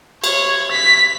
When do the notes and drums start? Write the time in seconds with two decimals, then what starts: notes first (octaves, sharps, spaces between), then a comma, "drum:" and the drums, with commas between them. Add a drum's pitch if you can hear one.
0.24 C#5, drum: cymbal
0.72 B6